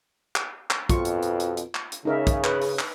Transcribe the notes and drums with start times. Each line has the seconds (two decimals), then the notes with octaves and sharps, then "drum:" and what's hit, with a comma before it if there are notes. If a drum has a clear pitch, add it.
0.36 drum: clap
0.70 drum: clap
0.89 F2 B2 F4 C#6, drum: kick, hi-hat
1.05 drum: hi-hat
1.23 drum: hi-hat
1.40 drum: hi-hat
1.57 drum: hi-hat
1.75 drum: clap
1.92 drum: hi-hat
2.05 C#3 D#4 A#4 E5
2.27 drum: kick, hi-hat
2.44 B4, drum: clap
2.62 drum: open hi-hat
2.79 drum: clap